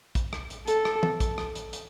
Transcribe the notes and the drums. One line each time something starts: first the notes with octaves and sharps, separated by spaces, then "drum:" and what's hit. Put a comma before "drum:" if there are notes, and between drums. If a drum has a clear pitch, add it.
drum: kick, hi-hat
drum: rim click
drum: hi-hat
A4, drum: hi-hat
drum: rim click
drum: tom
drum: kick, hi-hat
drum: rim click
drum: hi-hat
drum: hi-hat